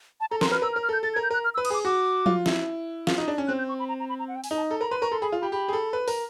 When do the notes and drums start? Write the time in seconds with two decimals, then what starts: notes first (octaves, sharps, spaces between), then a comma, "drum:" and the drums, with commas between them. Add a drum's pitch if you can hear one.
0.21 A5
0.31 A4 A#5
0.41 A#4 C6, drum: snare
0.51 B4 F6
0.62 A#4 E6
0.73 F6
0.76 A#4
0.83 F6
0.89 A4 G6
1.03 A4 A6
1.14 G#6
1.16 A#4
1.23 G6
1.31 A#4 F#6
1.44 F6
1.55 E6
1.58 B4
1.65 D#6, drum: cymbal
1.70 G#4 D6
1.85 F#4 D6
2.26 F4, drum: tom F3
2.46 E4, drum: snare
3.07 F4, drum: snare
3.18 D#4
3.28 D4
3.38 C#4
3.48 C4 F#6
3.58 G6
3.69 C#6
3.79 B5
3.89 A#5
4.00 A#5
4.09 B5
4.19 A#5
4.28 F#5
4.36 G5
4.44 G#5, drum: open hi-hat
4.51 D#4
4.57 A5
4.71 A4 A#5
4.81 A#4 B5
4.91 B4 C6
5.02 A#4 C#6
5.12 A4 C6
5.21 G#4 B5
5.32 F4
5.42 G4 B5
5.52 G4 B5
5.68 G#4
5.73 A4
5.93 B4
6.08 A#4, drum: open hi-hat